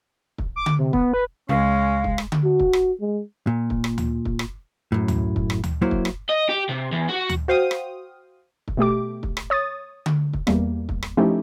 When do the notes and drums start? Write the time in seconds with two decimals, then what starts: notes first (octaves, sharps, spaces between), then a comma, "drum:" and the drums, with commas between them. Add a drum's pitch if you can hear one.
0.38 drum: kick
0.56 D6
0.66 drum: tom D3
0.79 C3
0.93 B3, drum: kick
1.13 B4
1.49 C#2 G#3 C#4 F5
2.04 drum: kick
2.18 drum: rim click
2.32 drum: tom D3
2.44 F#4
2.59 drum: kick
2.73 drum: rim click
3.01 G#3
3.47 A#2
3.70 drum: kick
3.84 drum: rim click
3.98 drum: tom D2
4.25 drum: kick
4.39 drum: rim click
4.92 F#2 A2
5.08 drum: tom D2
5.36 drum: kick
5.50 drum: rim click
5.64 drum: tom D2
5.82 F#3 A#3 E4 C5
5.91 drum: kick
6.05 drum: rim click
6.30 D#5
6.49 G4
6.69 C3
6.92 E2
7.09 F#4
7.29 drum: tom D2
7.48 F#4 C5 F5 G5 D#6
7.71 drum: rim click
8.68 drum: kick
8.77 B2 A3 G4 D6
9.23 drum: kick
9.37 drum: rim click
9.50 C#5 D#6 A6
10.06 drum: tom D3
10.33 drum: kick
10.47 E2 G3 A#3, drum: rim click
10.89 drum: kick
11.03 drum: rim click
11.17 F3 A3 C#4 D#4 E4 G4